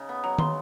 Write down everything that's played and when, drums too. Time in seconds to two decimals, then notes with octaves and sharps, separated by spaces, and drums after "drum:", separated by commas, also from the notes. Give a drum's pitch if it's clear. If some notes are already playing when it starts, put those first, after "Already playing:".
Already playing: C#3 D#4
0.09 B3
0.24 F#3 A#5
0.38 C#3 C6, drum: tom D#3